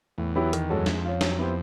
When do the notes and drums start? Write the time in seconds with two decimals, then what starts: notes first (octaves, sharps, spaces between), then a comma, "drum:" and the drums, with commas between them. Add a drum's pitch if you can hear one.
0.18 E2 A2
0.36 F#3 B3 E4 G4
0.53 D#3, drum: hi-hat
0.69 G2 G#3 C#4 F#4 A4
0.79 F#2
0.86 F2 G#3, drum: snare
1.04 C#4 F4
1.21 F#3, drum: snare
1.39 B3 E4 G4 C5